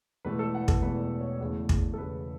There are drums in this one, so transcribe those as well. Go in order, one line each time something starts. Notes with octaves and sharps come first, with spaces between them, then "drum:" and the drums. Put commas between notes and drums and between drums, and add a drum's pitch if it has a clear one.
E1 E2 E3 A3 B4
A4
F#5
B4
A4, drum: kick
E1 E2 E3 A3 B4
B4
C#5
E2 C#3 A3
drum: kick
A4
E2 C#3 A3 B4